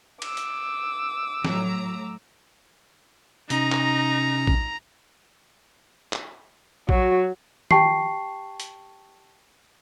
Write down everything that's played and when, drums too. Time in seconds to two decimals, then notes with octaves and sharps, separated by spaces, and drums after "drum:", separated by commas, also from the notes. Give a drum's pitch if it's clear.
0.22 D6 E6, drum: cymbal
0.37 drum: hi-hat
1.45 A2 F#3 A#5, drum: snare
3.50 C3 C#4 D#4 A#5, drum: hi-hat
3.72 drum: clap
4.47 drum: kick
6.13 drum: clap
6.89 F#3 F#4, drum: kick
7.71 G4 G5 A5 C#6 C7, drum: tom
8.60 drum: hi-hat